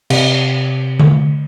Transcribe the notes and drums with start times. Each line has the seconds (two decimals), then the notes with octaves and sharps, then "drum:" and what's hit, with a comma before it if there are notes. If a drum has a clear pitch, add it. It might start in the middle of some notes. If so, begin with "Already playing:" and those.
0.10 C3, drum: cymbal
0.99 drum: tom D3